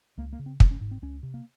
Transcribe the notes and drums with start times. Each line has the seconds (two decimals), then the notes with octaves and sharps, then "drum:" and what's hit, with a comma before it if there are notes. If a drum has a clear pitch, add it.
0.17 C#2 A#3
0.33 A#3
0.39 C#3
0.46 C4
0.60 G#1 C#4, drum: kick
0.71 C#4
0.81 G#2
0.91 C4
1.02 C#2 C#4
1.23 C3
1.34 A#3